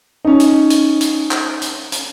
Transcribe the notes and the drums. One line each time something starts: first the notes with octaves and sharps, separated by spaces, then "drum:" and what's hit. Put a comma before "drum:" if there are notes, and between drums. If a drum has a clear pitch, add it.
C#4 D#4
drum: hi-hat
drum: hi-hat
drum: hi-hat
drum: clap
drum: hi-hat
drum: hi-hat